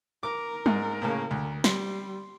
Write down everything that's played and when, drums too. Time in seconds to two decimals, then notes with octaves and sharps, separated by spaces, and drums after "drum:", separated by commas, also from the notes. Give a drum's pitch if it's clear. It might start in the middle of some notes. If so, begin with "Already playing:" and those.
0.23 A#4 D6
0.66 G#2, drum: tom G3
1.02 A2 C#3 A#3
1.31 D2
1.64 G3 C6, drum: snare